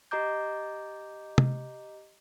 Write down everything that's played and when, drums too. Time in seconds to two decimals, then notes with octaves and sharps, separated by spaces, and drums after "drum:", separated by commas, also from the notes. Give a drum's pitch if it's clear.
0.11 G4 D#5 A#5 D6 G6
1.38 drum: tom C3